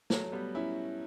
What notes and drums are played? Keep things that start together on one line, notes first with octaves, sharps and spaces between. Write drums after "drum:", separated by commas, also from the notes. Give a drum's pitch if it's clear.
F#3 A3, drum: snare
G3 B3
C#4 E4